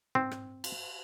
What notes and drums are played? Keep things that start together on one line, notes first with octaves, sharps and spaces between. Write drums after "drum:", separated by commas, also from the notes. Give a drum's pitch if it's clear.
C4, drum: tom G#2
drum: rim click
drum: cymbal